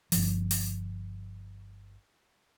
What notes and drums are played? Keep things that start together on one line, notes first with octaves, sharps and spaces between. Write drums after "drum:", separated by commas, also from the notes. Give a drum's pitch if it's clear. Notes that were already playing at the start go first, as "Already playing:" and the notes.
G1 C2 F3, drum: open hi-hat
drum: open hi-hat